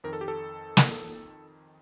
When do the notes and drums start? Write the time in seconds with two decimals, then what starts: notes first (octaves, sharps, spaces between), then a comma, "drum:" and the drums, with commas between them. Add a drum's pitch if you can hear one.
0.04 F2 D#3 A#4
0.13 A4
0.21 G4
0.28 A4
0.77 drum: snare